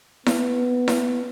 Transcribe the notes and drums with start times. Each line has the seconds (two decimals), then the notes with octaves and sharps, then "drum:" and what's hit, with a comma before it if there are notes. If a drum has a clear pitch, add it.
0.26 B3, drum: snare E4
0.88 drum: snare E4